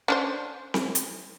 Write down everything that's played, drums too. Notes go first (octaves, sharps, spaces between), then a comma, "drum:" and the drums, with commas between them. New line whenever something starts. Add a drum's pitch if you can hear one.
C#4 D4 C5
drum: snare C4
drum: hi-hat